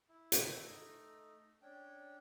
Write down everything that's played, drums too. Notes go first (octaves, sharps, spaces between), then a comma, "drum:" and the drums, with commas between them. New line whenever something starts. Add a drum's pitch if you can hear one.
E4
drum: hi-hat
A3 D#4
C#4 D4 G5